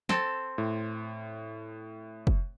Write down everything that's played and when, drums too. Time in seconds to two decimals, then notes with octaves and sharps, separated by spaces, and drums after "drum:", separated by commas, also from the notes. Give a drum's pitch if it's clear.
0.09 C4 A4, drum: snare
0.58 A2
2.27 drum: kick